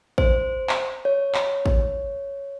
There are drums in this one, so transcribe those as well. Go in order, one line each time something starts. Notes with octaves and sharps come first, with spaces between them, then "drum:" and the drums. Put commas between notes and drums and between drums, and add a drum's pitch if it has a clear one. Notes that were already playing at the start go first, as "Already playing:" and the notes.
C5, drum: kick
drum: clap
C#5
drum: clap
drum: kick